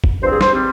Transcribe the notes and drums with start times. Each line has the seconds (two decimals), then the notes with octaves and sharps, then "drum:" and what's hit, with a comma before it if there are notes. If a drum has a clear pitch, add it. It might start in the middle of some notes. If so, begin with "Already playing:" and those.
0.04 drum: kick G1
0.22 G2 F3 C4 C5
0.31 G#4
0.41 C5, drum: snare
0.51 C3 G3 C4